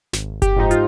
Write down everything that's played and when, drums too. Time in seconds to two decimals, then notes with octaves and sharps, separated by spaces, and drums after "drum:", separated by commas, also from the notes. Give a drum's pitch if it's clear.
0.13 G#1, drum: snare
0.42 G4, drum: kick F#1, hi-hat
0.56 G#2 F3 D#4
0.71 F4, drum: hi-hat